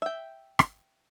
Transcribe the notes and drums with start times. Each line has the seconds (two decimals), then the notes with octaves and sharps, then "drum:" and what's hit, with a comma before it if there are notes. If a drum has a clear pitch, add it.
0.02 E5 G5
0.59 drum: rim click